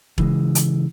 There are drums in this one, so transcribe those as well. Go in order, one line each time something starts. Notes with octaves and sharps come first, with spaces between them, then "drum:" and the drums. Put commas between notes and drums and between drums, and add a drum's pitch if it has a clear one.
C#3 E3 F#3 G#3, drum: kick E1
drum: hi-hat